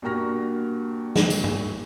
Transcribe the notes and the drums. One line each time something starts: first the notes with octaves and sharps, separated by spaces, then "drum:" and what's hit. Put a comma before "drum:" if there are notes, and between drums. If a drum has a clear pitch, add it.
G2 A#2 A#3 F#4 F6 A#6
drum: snare
drum: tambourine
drum: tom G2